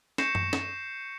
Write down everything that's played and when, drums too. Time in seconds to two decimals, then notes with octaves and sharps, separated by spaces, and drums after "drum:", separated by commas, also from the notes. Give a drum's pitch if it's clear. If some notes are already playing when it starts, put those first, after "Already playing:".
0.18 C#6 G6 A#6 C7 C#7 E7, drum: snare
0.35 drum: tom F#2
0.53 drum: snare